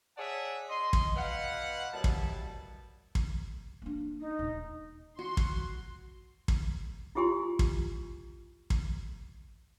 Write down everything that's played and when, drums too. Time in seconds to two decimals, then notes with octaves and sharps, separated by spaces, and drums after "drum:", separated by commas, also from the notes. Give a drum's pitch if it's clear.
0.17 G#4 C#5 D5 E5 F#5 A5
0.70 D#5 C6
0.93 drum: kick
1.16 B2 B4 F5 F#5
1.93 F#2 B2 G3 E4 A5
2.04 drum: kick
3.15 drum: kick
3.82 A#3 D4
4.20 D#4
4.39 D#1
5.19 F#4 C6
5.37 drum: kick
6.48 drum: kick
7.15 E4 F4 G4 G#5 C6
7.59 drum: kick
8.70 drum: kick